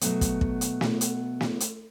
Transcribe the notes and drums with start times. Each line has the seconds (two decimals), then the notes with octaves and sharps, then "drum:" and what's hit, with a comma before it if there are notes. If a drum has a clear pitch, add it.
0.01 B2 F#3 A3 B3, drum: hi-hat
0.21 drum: kick, hi-hat
0.41 drum: kick
0.61 drum: hi-hat
0.81 drum: snare
1.01 drum: hi-hat
1.41 drum: snare
1.60 drum: hi-hat